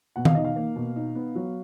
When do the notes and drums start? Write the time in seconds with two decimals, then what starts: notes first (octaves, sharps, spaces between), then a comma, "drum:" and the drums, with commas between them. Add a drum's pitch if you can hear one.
0.16 B2 F#5
0.25 F5, drum: tom D#3
0.35 D#4 D#5
0.45 F5
0.56 A#3
0.76 B2
0.96 D#4
1.15 B3
1.35 F#3